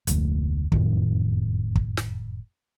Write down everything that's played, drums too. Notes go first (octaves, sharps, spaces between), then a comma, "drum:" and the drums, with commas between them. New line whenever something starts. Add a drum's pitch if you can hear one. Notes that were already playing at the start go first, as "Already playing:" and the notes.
F1 D2, drum: hi-hat
F#1 F2 A2 D#3, drum: kick
drum: kick
drum: snare